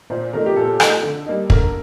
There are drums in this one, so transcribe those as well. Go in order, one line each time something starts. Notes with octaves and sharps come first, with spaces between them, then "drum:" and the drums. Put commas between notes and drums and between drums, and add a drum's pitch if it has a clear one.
A#2 C5
F3 A3 D#4 A#4
G4
A#2 A4
F3 A3 D#4, drum: rim click
D3
G3 A#3 D#4
D3 A#4, drum: kick